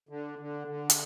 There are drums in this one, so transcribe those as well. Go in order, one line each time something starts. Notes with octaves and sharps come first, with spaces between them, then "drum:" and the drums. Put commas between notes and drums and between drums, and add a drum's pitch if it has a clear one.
D3
D3
D3
drum: hi-hat